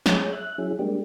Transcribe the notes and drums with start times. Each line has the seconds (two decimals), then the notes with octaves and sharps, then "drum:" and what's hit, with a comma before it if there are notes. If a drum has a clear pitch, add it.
0.06 G#4 C#5 G6, drum: snare
0.33 E5 F#6
0.58 F#3 C#4 E4 G#4
0.79 G3 G#3 A#3 D4 G4